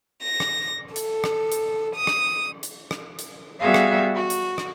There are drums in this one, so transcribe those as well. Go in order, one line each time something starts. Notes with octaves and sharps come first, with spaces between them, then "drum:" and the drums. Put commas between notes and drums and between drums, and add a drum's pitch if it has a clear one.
A#6
drum: rim click
A4, drum: hi-hat
drum: rim click
drum: hi-hat
D#6
drum: rim click
drum: hi-hat
drum: rim click
drum: hi-hat
G3 B3 F#4 G#4 E5 F5
drum: rim click
F#4
drum: hi-hat
drum: rim click